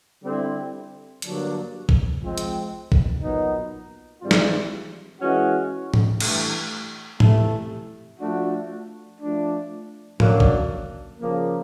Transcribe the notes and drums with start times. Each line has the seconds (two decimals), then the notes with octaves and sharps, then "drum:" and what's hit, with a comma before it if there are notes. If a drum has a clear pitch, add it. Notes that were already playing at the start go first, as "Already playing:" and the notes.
0.23 D3 G3 C4 E4
1.22 G2 D3 F#3 A#3 D4, drum: hi-hat
1.89 drum: kick A#1
2.22 F3 G#3 C4
2.38 drum: hi-hat
2.92 drum: kick A#1
3.21 A#2 F#3 B3 D#4
4.22 G#2 E3 G3 C4 F4
4.31 drum: snare
5.21 E3 G#3 C#4 F#4
5.94 drum: tom A2
6.20 G2 E3 A3, drum: cymbal
7.20 C3 E3 A3, drum: tom A2
8.20 F3 A3 D4 F#4
9.21 F3 A3 D4
10.20 F#2 D3 F#3 A#3 D4, drum: tom A2
10.40 drum: kick A#1
11.21 C#3 F3 A#3